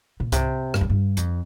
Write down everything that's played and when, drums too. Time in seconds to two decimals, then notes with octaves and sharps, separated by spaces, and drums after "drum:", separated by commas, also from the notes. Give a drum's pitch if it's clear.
0.20 A#2
0.32 C3, drum: kick C2, hi-hat
0.74 G2, drum: rim click
0.81 F2
0.90 G2
1.17 F2, drum: hi-hat